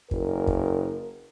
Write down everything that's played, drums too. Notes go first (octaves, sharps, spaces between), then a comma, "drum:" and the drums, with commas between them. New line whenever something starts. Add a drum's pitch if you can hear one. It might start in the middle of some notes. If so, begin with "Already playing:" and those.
F#1 A#4, drum: kick
drum: kick